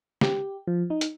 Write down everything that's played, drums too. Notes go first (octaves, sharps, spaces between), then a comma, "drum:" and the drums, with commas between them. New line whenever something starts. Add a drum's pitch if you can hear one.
G4, drum: snare
F3
D#4
drum: hi-hat